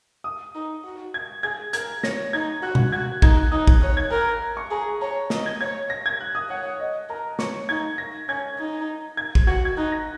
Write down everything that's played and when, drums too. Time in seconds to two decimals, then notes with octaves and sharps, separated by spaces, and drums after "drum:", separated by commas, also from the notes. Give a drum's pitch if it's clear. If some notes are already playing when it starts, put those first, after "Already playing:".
0.24 D#6
0.55 D#4
0.84 F#4
1.14 G#6
1.43 G#4 G#6
1.73 A#4 G#6, drum: hi-hat
2.03 C#5 A#6, drum: snare
2.33 D#4 G#6
2.62 F#4 F#6
2.75 drum: tom B2
2.92 F#4 G#6
3.22 D#4 G#6, drum: kick
3.37 F#6
3.52 D#4 D#6
3.67 drum: kick
3.82 C#5 F#6
3.97 G#6
4.11 A#4
4.57 C#6
4.71 G#4 A#5
5.01 C#5 A#5
5.30 D#5, drum: snare
5.46 G#6
5.61 C#5 G#6
5.90 A#6
6.06 G#6
6.21 F#6
6.35 D#6
6.49 C#5 F#5
6.80 D#5
7.09 A#4 A#5
7.39 C#5 C#6, drum: snare
7.69 D#4 G#6
7.98 A#6
8.28 C#4 G#6
8.58 D#4
9.17 G#6
9.35 drum: kick
9.47 F#4 G#6
9.65 G#6
9.77 D#4 F#6
9.92 A#6